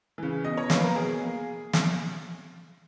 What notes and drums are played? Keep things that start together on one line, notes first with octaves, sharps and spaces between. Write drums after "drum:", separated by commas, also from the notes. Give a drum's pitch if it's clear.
C#3 E3
B2 D#5
C#5
A#3 B4, drum: snare
A#4
B2 G#4
A#3
drum: snare